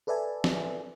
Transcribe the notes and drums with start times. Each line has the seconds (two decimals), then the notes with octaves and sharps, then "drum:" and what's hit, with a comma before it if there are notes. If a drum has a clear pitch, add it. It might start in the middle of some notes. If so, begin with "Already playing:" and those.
0.07 A4 B4 D5 E5 G#5 A5
0.44 drum: snare